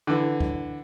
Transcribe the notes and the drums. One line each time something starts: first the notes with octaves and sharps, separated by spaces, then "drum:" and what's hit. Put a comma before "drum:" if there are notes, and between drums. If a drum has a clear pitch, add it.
D3 E3
drum: kick D2